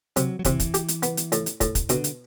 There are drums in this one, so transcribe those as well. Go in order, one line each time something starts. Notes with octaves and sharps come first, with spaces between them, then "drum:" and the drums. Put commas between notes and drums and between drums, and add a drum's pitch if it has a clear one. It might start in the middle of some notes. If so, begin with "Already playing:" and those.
C3 F#3, drum: hi-hat
F#3
C3 E3, drum: kick, hi-hat
drum: kick, hi-hat
G4, drum: hi-hat
drum: hi-hat
B3, drum: hi-hat
drum: hi-hat
A2, drum: hi-hat
drum: hi-hat
A2, drum: kick, hi-hat
drum: kick, hi-hat
B2 D3, drum: hi-hat
drum: hi-hat